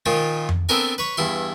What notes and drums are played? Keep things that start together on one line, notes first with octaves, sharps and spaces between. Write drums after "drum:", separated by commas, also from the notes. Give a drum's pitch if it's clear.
A#2 D#3 F3 F4
drum: tom F2
B3 C4 D4 A4 A#4 G#5
B4 C#5
E2 G2 E4 C6